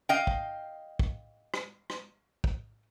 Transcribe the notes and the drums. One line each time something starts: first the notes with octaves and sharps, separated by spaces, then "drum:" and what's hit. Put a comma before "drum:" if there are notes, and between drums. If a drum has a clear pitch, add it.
D#5 F5 G5
drum: kick
drum: kick
drum: rim click
drum: rim click
drum: kick